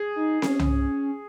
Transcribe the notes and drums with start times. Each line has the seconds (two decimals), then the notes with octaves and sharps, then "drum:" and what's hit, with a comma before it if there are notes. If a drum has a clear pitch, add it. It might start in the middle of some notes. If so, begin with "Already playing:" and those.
Already playing: G#4
0.16 D#4
0.42 C#4, drum: snare C4
0.59 drum: tom C2